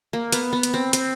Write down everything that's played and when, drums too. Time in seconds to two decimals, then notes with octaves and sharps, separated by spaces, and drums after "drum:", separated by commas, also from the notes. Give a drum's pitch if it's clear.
0.13 A#3
0.32 B3, drum: hi-hat
0.53 B3
0.63 drum: hi-hat
0.74 C4
0.93 C4, drum: hi-hat